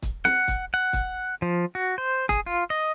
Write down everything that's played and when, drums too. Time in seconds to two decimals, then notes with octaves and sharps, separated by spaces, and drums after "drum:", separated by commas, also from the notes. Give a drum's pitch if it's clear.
0.02 drum: kick, hi-hat
0.25 F#5, drum: snare
0.48 drum: kick, hi-hat
0.74 F#5
0.93 drum: kick, hi-hat
1.42 F3
1.75 F#4
1.98 C5
2.29 G#4, drum: kick, hi-hat
2.46 F4
2.70 D#5